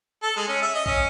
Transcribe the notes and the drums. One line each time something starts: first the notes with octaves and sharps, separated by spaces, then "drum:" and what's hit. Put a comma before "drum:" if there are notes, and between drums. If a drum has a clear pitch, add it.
A4
G#3
C#4
E5
D#5
C#4, drum: kick A#1